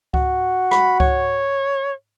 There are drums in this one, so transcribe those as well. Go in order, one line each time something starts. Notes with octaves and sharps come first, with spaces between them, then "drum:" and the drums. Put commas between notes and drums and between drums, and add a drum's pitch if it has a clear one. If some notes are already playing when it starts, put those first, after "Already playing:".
F#4, drum: kick C#2
B5, drum: rim click
C#5, drum: kick C#2